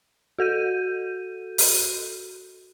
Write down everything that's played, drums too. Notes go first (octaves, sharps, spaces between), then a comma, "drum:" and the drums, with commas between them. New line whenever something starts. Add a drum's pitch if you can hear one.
F#4 A4 G6 D#7
drum: open hi-hat